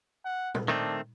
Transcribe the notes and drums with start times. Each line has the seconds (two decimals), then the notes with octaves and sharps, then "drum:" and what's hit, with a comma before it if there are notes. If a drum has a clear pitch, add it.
0.25 F#5
0.54 drum: tom
0.68 D#3 A3 C4 D4